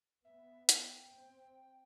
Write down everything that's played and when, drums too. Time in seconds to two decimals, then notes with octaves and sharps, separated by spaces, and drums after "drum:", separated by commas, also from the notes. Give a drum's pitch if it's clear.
0.25 B3 E5
0.69 G5, drum: hi-hat
1.13 C4